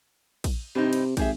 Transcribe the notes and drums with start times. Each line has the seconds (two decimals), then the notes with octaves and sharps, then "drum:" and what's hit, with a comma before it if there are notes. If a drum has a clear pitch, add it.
0.44 drum: kick, cymbal
0.75 G2 C3 C4 D#4
0.93 drum: cymbal
1.17 G#1 G4 G#4 E5, drum: kick, cymbal